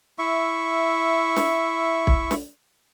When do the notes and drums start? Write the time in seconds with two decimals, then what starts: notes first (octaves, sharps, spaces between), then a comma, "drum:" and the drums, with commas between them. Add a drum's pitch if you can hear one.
0.19 E4 E5 C#6
1.36 drum: snare
2.07 drum: kick
2.31 drum: snare